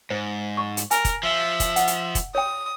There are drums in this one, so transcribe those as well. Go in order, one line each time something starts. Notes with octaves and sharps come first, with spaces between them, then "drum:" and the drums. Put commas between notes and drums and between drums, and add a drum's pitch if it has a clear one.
G#2 C5
C#6
drum: hi-hat
A#4 G#5, drum: hi-hat
drum: kick, hi-hat
F3 E5
drum: kick, hi-hat
F#5, drum: hi-hat
drum: hi-hat
drum: kick, hi-hat
C#5 G5 D#6